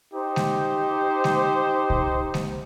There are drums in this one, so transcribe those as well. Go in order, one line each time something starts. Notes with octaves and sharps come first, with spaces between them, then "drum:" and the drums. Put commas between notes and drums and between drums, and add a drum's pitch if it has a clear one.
D#4 G4 C5
drum: snare G#3
drum: snare G#3
drum: kick C2
drum: snare G#3